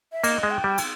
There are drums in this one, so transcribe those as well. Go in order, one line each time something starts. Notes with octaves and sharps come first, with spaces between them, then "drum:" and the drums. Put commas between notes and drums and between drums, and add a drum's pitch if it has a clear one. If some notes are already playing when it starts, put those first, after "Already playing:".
E5
A#3 D#5, drum: cymbal
G#3
G5
G3
drum: cymbal